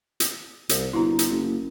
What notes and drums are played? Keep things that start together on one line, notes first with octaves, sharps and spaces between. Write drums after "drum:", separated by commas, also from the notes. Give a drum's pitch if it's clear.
drum: hi-hat
C2, drum: hi-hat
G1 E4 F#4 A#5
drum: hi-hat
F#1